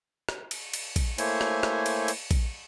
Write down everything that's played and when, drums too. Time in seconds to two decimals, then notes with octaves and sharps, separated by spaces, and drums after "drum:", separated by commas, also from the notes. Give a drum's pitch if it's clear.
0.29 drum: rim click
0.51 drum: cymbal
0.73 drum: cymbal
0.96 drum: kick A#1, cymbal
1.18 A3 A#3 E4 C5 C#5 G#5, drum: cymbal
1.41 drum: rim click
1.63 drum: rim click
1.86 drum: cymbal
2.08 drum: cymbal
2.31 drum: kick A#1, cymbal